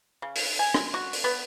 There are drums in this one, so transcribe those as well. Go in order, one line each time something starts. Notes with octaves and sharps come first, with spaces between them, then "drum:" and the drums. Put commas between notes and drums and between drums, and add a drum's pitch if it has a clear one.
C#3
drum: open hi-hat
G#5
drum: rim click
F#4
drum: open hi-hat
B3